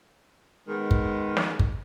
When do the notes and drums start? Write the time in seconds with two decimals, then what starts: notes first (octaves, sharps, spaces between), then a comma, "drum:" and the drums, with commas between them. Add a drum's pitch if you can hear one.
0.68 D#3 G#3 B3
0.91 drum: kick
1.37 drum: snare
1.60 drum: kick